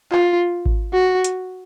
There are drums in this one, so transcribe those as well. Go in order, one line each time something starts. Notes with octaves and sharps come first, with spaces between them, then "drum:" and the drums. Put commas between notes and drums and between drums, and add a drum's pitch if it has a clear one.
F4, drum: clap
drum: kick G#1
F#4
drum: hi-hat